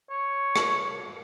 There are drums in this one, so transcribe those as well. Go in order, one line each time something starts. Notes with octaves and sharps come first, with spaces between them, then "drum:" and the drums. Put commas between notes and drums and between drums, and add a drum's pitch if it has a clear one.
C#5
drum: rim click